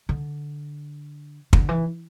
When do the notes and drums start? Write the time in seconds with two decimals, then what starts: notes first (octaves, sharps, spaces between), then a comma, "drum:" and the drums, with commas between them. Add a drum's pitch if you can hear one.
0.09 D3
1.53 D3, drum: kick
1.69 E3